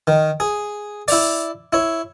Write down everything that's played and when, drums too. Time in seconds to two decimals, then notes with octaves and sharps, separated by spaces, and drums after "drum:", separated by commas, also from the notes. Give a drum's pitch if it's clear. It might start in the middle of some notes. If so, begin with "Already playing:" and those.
0.07 D#3
0.40 G#4
1.08 E4 D5, drum: open hi-hat
1.73 E4 C#5